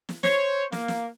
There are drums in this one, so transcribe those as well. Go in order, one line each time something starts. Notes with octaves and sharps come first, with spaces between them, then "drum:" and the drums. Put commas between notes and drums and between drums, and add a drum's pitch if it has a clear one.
drum: snare
C5 C#5, drum: snare
A#3, drum: snare
drum: snare